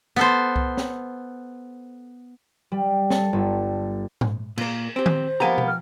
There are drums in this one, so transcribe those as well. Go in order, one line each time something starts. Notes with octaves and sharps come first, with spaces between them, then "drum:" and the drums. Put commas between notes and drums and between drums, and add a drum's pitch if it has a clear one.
B3 A4 C5
drum: kick C2
drum: snare
G3
A4, drum: snare
G1
drum: tom G#2
A#2 A#3, drum: cymbal
C4 G4 C5
drum: tom D#3
F3 A#3 B3 G4 G#5 A#5
drum: tom B2
F6